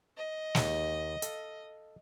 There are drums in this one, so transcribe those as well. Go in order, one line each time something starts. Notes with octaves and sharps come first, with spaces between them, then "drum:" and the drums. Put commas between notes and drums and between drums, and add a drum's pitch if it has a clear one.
D#5
D#2 G5, drum: snare
A4 F5, drum: hi-hat